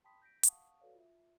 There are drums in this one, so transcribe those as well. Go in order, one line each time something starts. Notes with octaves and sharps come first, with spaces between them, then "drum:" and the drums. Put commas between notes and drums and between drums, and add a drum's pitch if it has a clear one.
G5 A5 B5 C6 D#6 B6
G6 A#6 B6 D7
F5 F#5 A5 C#6 D#6, drum: hi-hat
F#4 A4 B4 C#5 D5 F5
F4 E5